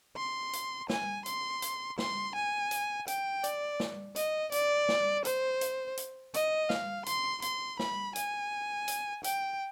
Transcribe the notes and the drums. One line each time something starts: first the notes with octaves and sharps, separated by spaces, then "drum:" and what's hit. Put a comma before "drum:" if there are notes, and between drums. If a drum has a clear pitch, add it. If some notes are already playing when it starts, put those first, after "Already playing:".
C6
drum: hi-hat
G#5, drum: snare
C6, drum: hi-hat
drum: hi-hat
C6, drum: snare
G#5
drum: hi-hat
G5, drum: hi-hat
D5, drum: hi-hat
drum: snare
D#5, drum: hi-hat
D5, drum: hi-hat
drum: snare
C5, drum: hi-hat
drum: hi-hat
drum: hi-hat
D#5, drum: hi-hat
F5, drum: snare
C6, drum: hi-hat
C6, drum: hi-hat
B5, drum: snare
G#5, drum: hi-hat
drum: hi-hat
G5, drum: hi-hat